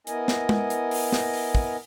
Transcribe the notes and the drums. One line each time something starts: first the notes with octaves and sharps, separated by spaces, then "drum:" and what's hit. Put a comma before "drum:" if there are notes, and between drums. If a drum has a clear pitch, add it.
B3 E4 A#4 D#5 G#5, drum: hi-hat
drum: snare
drum: tom G#3
drum: hi-hat
drum: open hi-hat
drum: snare
drum: open hi-hat
drum: kick